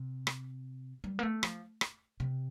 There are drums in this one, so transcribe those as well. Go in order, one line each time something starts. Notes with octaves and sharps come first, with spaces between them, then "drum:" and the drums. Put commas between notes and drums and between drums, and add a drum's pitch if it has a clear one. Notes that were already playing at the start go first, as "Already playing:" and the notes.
Already playing: C3
drum: rim click
G3
A#3
A3
F3, drum: rim click
drum: rim click
C3